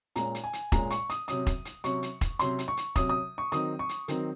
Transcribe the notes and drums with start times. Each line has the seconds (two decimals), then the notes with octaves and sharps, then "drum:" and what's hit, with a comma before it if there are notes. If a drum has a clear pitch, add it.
0.16 A#2 G#3 C#4 A#5, drum: hi-hat
0.35 drum: hi-hat
0.44 G#5
0.53 drum: hi-hat
0.72 A#2 G#3 C#4 A#5, drum: kick E1, hi-hat
0.91 C#6, drum: hi-hat
1.10 D#6, drum: hi-hat
1.28 C3 F#3 C#4 D#6, drum: hi-hat
1.47 drum: kick E1, hi-hat
1.65 drum: hi-hat
1.84 C3 F#3 C#4 C#6, drum: hi-hat
2.03 drum: hi-hat
2.21 drum: kick E1, hi-hat
2.39 C3 F#3 C#4 C6, drum: hi-hat
2.59 drum: hi-hat
2.68 C#6
2.77 drum: hi-hat
2.96 C3 F#3 C#4 D#6, drum: kick E1, hi-hat
3.09 D#6
3.38 C#6
3.52 D#3 F#3 C4 D#4 D#6, drum: hi-hat
3.79 C#6
3.89 drum: hi-hat
4.08 D#3 F#3 C4 D#4, drum: hi-hat